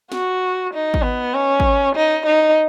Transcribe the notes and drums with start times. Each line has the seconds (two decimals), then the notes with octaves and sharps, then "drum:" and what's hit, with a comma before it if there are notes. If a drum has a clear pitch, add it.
0.12 F#4, drum: snare
0.73 D#4
0.94 drum: kick
1.03 B3
1.34 C#4
1.60 drum: kick
1.95 D#4
2.26 D#4